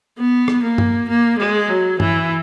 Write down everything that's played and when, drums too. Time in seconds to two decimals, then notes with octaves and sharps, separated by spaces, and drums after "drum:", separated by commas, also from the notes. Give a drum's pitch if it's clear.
0.18 B3
0.48 drum: rim click
0.63 A#3
0.78 drum: tom
1.09 A#3
1.38 G#3
1.69 F#3
2.00 E3, drum: tom